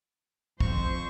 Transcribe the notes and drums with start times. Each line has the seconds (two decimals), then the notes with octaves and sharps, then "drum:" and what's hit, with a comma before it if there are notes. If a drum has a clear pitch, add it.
0.60 F2 C5 C#6, drum: kick